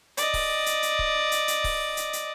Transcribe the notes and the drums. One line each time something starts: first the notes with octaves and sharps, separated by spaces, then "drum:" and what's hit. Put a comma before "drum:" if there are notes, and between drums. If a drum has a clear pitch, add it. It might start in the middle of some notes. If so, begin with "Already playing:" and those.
D5 D#5, drum: hi-hat
drum: kick C#1, open hi-hat
drum: hi-hat
drum: hi-hat
drum: kick C#1
drum: hi-hat
drum: hi-hat
drum: kick C#1, open hi-hat
drum: hi-hat
drum: hi-hat